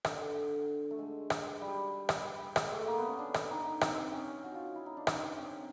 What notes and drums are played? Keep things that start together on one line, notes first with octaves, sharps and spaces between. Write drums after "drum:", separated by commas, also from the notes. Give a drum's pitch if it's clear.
D3, drum: rim click
A3
G#3
drum: rim click
G3
drum: rim click
G#3, drum: rim click
A3
A#3
B3
C#4
D4
drum: rim click
D#4
C4, drum: rim click
C#4
F#4
F4
E4
D#4
D4
C#4, drum: rim click
C4